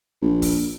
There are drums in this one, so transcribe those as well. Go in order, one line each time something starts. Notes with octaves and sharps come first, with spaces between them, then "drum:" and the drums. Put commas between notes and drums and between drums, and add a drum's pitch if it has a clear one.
A#1
drum: kick, open hi-hat